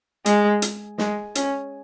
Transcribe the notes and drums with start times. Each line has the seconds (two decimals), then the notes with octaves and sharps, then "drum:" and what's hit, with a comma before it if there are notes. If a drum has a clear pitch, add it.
0.26 G#3, drum: hi-hat
0.62 drum: hi-hat
0.98 G#3, drum: snare
1.35 C#4, drum: hi-hat